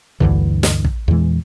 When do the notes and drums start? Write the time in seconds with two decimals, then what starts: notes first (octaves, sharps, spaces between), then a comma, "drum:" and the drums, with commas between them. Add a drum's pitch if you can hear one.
0.20 D2 G2 D3 E3, drum: kick
0.63 drum: snare
0.85 drum: kick
1.08 E2 A#2 E3 G#3